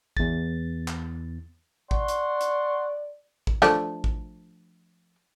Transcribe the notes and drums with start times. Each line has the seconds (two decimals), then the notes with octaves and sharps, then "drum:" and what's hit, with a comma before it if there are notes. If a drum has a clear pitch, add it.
0.17 E2 A6, drum: kick A1
0.88 drum: clap
1.91 D5 F#5 C6 C#6, drum: kick A1
2.08 drum: hi-hat
2.41 drum: hi-hat
3.47 drum: kick A1
3.62 F3 A3 D4, drum: snare
4.04 drum: kick A1